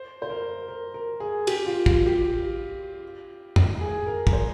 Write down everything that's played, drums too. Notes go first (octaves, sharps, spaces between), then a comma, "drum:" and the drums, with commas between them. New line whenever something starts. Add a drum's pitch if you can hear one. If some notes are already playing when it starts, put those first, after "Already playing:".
Already playing: C5
C5
A#4
A#4
A#4
G#4
G4, drum: cymbal
F4
F4, drum: kick
G4
drum: tom
G#4
A#4
A#4, drum: kick
C5